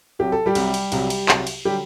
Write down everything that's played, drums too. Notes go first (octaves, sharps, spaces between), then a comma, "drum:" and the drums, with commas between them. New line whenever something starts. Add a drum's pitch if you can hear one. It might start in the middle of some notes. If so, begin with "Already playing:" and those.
C2 C3 F#3 G4
A4
G3 G4
C2 C3 F#3, drum: cymbal
drum: cymbal
C2 C3 F#3, drum: cymbal
drum: cymbal
C2 C3 F#3, drum: clap
drum: cymbal
D3 F#3 G3 G4